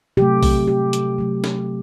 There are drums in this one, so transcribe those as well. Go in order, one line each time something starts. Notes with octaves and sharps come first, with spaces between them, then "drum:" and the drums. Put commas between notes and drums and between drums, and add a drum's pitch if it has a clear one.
C3 F#3 A3 G4
drum: kick, open hi-hat
G4
drum: hi-hat
C3 F#3 A3
drum: snare